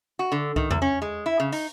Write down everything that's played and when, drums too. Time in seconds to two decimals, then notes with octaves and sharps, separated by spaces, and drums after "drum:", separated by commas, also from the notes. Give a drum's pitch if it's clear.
0.19 F#4
0.32 D3
0.56 D#3, drum: kick C2
0.70 E2, drum: tom E2
0.82 C#4
1.02 G#3
1.26 E4
1.40 C#3
1.52 D#4, drum: open hi-hat